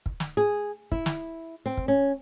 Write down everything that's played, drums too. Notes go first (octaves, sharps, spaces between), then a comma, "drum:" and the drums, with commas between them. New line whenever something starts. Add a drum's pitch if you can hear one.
drum: kick
drum: snare
G#4
E4, drum: kick
drum: snare
C4
drum: kick
C#4